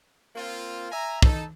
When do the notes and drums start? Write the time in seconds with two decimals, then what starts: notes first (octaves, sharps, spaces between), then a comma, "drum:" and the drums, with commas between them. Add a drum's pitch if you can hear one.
0.36 A#3 C4 F4
0.92 E5 G#5 A#5
1.22 D#4 A4, drum: kick